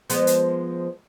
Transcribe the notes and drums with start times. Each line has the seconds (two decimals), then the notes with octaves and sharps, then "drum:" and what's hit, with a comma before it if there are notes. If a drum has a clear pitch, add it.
0.10 F3 G#3 B3, drum: hi-hat
0.27 drum: hi-hat